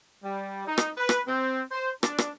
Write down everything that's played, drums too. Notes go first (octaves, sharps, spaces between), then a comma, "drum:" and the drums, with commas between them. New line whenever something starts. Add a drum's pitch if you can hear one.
G3
D#4
drum: rim click
B4
drum: rim click
C4
C5
D4, drum: rim click
drum: rim click